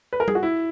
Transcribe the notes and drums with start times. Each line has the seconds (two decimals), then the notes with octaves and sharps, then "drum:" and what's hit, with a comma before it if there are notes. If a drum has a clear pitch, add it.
0.13 B4
0.20 A#4
0.28 G#4, drum: tom
0.35 F#4
0.43 E4